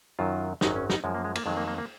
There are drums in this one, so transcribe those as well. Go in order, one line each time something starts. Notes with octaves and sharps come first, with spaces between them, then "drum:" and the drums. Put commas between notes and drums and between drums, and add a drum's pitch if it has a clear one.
F#2 D#3 F#3 F4
G#1 F#2 D#3 F#3 D#4, drum: snare
C#4
D#4, drum: snare
F#2 F3 G#3
A#3
G#3
A#3, drum: cymbal
F2 D#3 F#3 G#3
A#3
A#3
A#3